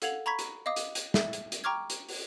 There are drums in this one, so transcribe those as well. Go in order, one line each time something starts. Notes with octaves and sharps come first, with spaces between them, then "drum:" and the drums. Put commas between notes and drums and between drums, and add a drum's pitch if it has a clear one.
A4 F5 F#5 G#6 F7 F#7, drum: hi-hat
A#5 B5 C#6 G#6 B6
drum: hi-hat
D#5 F5 D6 D#6
drum: hi-hat
drum: hi-hat
E5, drum: snare
drum: hi-hat
drum: hi-hat
G5 A#5 C#6 D6 F6 G#6
drum: hi-hat
drum: open hi-hat